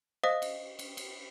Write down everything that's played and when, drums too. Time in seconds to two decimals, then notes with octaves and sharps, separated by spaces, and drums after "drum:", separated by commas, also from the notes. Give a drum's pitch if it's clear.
0.24 C5 D#5 F5 D#6 A#6
0.42 drum: cymbal
0.79 drum: cymbal
0.97 drum: cymbal